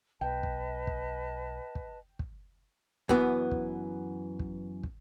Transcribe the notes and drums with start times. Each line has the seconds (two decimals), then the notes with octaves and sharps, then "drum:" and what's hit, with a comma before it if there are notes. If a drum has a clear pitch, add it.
0.21 B1 B4 D#5 G5 A5
0.43 drum: kick
0.87 drum: kick
1.75 drum: kick
2.19 drum: kick
3.09 F#2 E3 B3, drum: kick
3.51 drum: kick
4.39 drum: kick
4.83 drum: kick